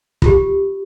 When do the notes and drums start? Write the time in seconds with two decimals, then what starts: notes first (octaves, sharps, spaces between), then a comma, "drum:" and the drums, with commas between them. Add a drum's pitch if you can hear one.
0.22 F4 G4, drum: kick